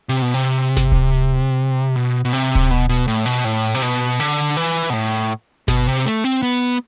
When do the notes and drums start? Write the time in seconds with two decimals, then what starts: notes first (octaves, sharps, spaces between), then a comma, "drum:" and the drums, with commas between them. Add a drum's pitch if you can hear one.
0.09 C3
0.22 B2
0.34 C3
0.77 drum: snare G1
0.92 drum: kick D1
1.14 drum: hi-hat
1.96 B2
2.25 B2
2.33 C3
2.55 drum: kick D1
2.71 B2
2.89 B2
3.08 A2
3.26 B2
3.45 A2
3.75 C3
3.82 B2
4.20 D3
4.57 E3
4.90 B2
4.93 A2
5.68 B2, drum: snare G1
5.87 C3
6.06 A3
6.24 C4
6.43 B3